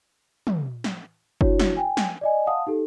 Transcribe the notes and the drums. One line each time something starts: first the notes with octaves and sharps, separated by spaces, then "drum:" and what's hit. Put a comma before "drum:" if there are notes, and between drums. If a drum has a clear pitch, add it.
drum: tom
drum: snare
D4 E4 F#4 C#5, drum: kick F#1
drum: snare
G5 G#5
drum: snare
D5 D#5 G#5
F5 F#5 A5 D#6
D#4 G4 A4